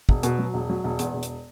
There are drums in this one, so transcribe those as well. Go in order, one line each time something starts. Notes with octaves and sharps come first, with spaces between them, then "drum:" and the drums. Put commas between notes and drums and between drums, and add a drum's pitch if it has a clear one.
E1, drum: kick
B2, drum: hi-hat
F#3
E1
F#3
E1
E2, drum: hi-hat
E1
drum: hi-hat